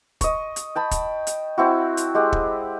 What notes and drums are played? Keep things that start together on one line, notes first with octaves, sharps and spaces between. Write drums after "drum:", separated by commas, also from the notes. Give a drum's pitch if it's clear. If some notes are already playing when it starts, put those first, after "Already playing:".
D#5 C#6, drum: kick, hi-hat
drum: hi-hat
G5 A5 B5
drum: kick, hi-hat
drum: hi-hat
C4 E4 F#4
drum: hi-hat
G#3 G4 F#5
drum: kick